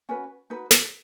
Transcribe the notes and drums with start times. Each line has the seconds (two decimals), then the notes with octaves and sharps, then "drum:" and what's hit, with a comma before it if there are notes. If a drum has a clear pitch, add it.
0.09 C#4 F#4 B4
0.50 D#4 F#4 B4
0.71 drum: snare